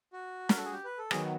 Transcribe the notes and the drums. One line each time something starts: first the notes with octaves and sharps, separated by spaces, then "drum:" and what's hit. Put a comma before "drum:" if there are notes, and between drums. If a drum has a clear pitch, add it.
F#4
A#4, drum: snare
A4
G#4
G4
B4
A4
D#3 F#3 B3 G#4, drum: rim click